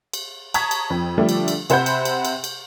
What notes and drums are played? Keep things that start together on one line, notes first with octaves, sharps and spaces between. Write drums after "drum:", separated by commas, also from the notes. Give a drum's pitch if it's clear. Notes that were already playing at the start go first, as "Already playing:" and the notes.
drum: cymbal
A5 A#5 C#6 D#6 G#6 B6, drum: cymbal
drum: cymbal
F2
D3 F3 G3 A3 D4
drum: cymbal
drum: cymbal
C3 C5 F#5 B5 G6, drum: cymbal
drum: cymbal
drum: cymbal
drum: cymbal
drum: cymbal